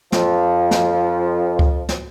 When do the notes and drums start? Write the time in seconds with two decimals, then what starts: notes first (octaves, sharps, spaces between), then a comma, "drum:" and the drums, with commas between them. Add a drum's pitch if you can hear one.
0.12 F2 F3, drum: snare
0.71 drum: snare
1.59 drum: kick C#2
1.89 drum: snare